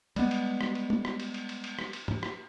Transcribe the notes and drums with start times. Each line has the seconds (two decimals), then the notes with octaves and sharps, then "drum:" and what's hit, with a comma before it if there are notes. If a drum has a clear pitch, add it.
0.16 G3 G#3 B3, drum: cymbal
0.31 drum: cymbal
0.61 drum: rim click
0.75 drum: cymbal
0.90 drum: tom
1.05 drum: rim click
1.20 drum: cymbal
1.34 drum: cymbal
1.49 drum: cymbal
1.64 drum: cymbal
1.79 drum: rim click
1.93 drum: cymbal
2.08 drum: tom G#2
2.23 drum: rim click